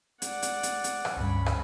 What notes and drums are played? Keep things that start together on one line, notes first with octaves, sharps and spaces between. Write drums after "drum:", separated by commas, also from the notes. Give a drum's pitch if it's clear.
D5 F#5, drum: hi-hat
drum: hi-hat
drum: hi-hat
drum: hi-hat
drum: rim click
C#2 G2 C#4 B5
drum: rim click